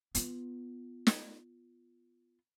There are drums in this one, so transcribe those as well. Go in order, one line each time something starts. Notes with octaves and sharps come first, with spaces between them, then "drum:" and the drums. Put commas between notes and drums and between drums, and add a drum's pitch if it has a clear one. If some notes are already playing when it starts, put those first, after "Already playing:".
B3 F4, drum: hi-hat
drum: snare